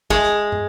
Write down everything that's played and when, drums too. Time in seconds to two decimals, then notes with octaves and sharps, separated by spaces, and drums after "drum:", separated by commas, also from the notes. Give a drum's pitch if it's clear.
0.10 G#3, drum: kick
0.24 drum: hi-hat
0.52 drum: tom